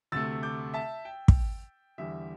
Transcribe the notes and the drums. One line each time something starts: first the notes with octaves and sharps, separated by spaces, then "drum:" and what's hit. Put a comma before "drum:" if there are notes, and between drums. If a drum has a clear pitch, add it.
D2 C3 A3 E6 A6
D6 G6
E5 A5
G5
drum: kick
E2 D3 G3 E5